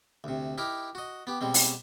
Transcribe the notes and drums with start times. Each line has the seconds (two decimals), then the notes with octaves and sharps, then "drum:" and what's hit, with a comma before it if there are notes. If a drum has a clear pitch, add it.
0.24 D2 C3
0.58 D#4 E4 G4 A#4
0.95 F#4 D#5
1.27 B3 G4
1.41 B2 G3 G#3 C4
1.54 drum: open hi-hat